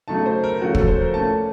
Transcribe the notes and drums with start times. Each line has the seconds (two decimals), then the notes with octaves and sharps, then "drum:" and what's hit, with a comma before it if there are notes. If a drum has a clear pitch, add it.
0.08 C#3 F#3 A3 D#4 A5
0.26 C5
0.44 A#4
0.61 C#3 F3 A3 C#4 F#4
0.75 A4, drum: kick
0.88 C5
1.01 A#4
1.14 A#2 A3 C#4 A5